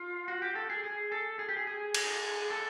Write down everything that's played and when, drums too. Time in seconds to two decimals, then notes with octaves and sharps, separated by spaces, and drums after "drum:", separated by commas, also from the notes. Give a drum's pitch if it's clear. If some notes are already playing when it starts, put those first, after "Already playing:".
Already playing: F4
0.28 F#4
0.42 G4
0.55 A4
0.70 G#4
0.84 G#4
1.12 A4
1.39 G#4
1.49 G4
1.57 G#4
1.67 G#4
1.95 G#4, drum: cymbal
2.50 A4